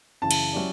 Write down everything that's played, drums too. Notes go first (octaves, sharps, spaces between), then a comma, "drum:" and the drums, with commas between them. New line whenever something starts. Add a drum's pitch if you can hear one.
F#2 C#3 E3 A5
drum: cymbal
F#3 C#4 E4 G4 D5